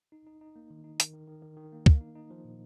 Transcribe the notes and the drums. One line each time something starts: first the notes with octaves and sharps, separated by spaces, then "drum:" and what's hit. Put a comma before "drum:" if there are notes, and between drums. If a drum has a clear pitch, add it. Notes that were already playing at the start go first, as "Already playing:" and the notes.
D#4
D#4
D#4
A#3
D#3
D#4
D#3, drum: hi-hat
D#3
D#3
D#3
D#3
A#3
A#3, drum: kick
D#4
D#4
F3
A#2